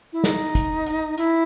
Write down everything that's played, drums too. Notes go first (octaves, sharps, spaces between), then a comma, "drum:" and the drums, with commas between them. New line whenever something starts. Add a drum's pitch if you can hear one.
E4
D#4, drum: snare
drum: kick, hi-hat
drum: hi-hat
E4, drum: hi-hat